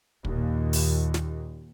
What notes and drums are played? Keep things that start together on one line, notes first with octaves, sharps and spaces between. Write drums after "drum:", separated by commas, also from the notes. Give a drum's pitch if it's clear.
D#2 A#2, drum: kick
drum: open hi-hat
drum: snare